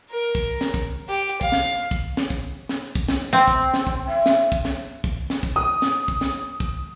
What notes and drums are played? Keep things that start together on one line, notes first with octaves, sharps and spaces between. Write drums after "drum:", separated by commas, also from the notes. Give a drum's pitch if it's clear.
A#4
drum: kick
drum: snare
drum: kick
G4
F5, drum: kick
drum: snare
drum: kick
drum: snare
drum: kick
drum: snare
drum: kick
drum: snare
C4
drum: kick
drum: snare
drum: kick
E5
drum: snare
drum: kick
drum: snare
drum: kick
drum: snare
drum: kick
D#6
drum: snare
drum: kick
drum: snare
drum: kick